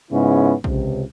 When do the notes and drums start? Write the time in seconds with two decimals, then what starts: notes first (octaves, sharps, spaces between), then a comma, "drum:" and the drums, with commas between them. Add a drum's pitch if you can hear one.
0.11 G#2 C#3 B3 C#4 E4
0.64 C#2 C3, drum: kick